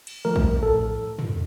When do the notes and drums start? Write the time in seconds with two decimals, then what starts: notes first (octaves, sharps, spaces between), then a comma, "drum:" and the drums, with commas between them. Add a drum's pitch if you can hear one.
0.07 drum: cymbal
0.25 F3 A3 A#4
0.36 drum: kick A#1
0.63 A2 A4
1.19 drum: tom